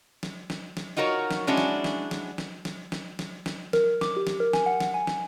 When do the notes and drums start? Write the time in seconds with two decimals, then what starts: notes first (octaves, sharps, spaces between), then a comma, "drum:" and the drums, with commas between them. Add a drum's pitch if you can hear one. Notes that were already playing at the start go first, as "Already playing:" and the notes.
0.23 drum: snare
0.50 drum: snare
0.77 drum: snare
0.97 D#4 F4 F#4 A#4 C#5
1.31 drum: snare
1.47 G#3 C#4 D4 E4 F#4
1.57 drum: snare
1.84 drum: snare
2.11 drum: snare
2.38 drum: snare
2.65 drum: snare
2.92 drum: snare
3.19 drum: snare
3.46 drum: snare
3.73 A#4, drum: snare
4.01 D6, drum: snare
4.17 G4
4.27 drum: snare
4.40 A#4
4.53 G#5, drum: snare
4.66 F#5
4.80 drum: snare
4.94 G#5
5.07 drum: snare